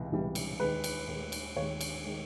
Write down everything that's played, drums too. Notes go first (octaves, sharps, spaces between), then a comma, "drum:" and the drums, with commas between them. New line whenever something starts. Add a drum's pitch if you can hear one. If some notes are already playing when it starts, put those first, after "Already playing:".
Already playing: C#2 C3 E3
C#2 C3 E3 G3
drum: cymbal
D#2 D#3 G#3 B4
drum: cymbal
D#2 D#3 G#3
drum: cymbal
D#2 D#3 G#3 C#5
drum: cymbal
D#3 G#3